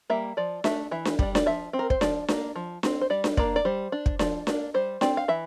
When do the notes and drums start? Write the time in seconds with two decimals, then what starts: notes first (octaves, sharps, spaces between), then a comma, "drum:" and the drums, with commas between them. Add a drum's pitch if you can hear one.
0.10 G3 A#3 E5
0.37 F3 D5
0.64 A3 D4 E5, drum: snare D4
0.91 E3 E5
1.05 drum: snare D4
1.19 G3 D4, drum: kick
1.35 D5, drum: snare D4
1.46 F3 E5
1.73 C4
1.79 A#4
1.90 C5, drum: kick
2.01 F3 D5, drum: snare D4
2.28 A#3 D4, drum: snare D4
2.56 F3
2.83 C4, drum: snare D4
3.01 C5
3.10 G3 D5
3.24 drum: snare D4
3.37 A#3 D4 D5, drum: kick
3.56 D5
3.65 G3 C5
3.92 D4
4.06 drum: kick
4.19 F3 D5, drum: snare D4
4.47 A#3 D4, drum: snare D4
4.74 G3 C5
5.01 C4 D5, drum: snare D4
5.17 F5
5.28 E3 E5